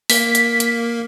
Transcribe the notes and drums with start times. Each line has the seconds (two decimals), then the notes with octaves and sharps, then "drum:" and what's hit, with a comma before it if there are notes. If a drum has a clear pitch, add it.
0.10 A#3 B6, drum: open hi-hat
0.35 drum: hi-hat
0.60 drum: hi-hat